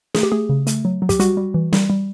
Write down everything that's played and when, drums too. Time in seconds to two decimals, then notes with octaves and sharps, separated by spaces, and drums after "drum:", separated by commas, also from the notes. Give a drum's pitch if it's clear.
0.15 A3 G#4, drum: snare
0.23 G4
0.32 A3 G#4
0.49 C#3
0.67 A3, drum: hi-hat
0.85 F#3
1.02 F#3
1.09 G4, drum: kick, hi-hat
1.20 G3 F#4, drum: hi-hat
1.37 G3
1.54 E3
1.73 G3, drum: snare
1.90 G3